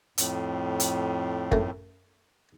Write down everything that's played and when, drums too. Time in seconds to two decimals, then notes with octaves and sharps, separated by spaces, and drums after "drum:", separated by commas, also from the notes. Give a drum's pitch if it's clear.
0.18 F2 A2, drum: hi-hat
0.80 drum: hi-hat
1.52 F#2 A3, drum: kick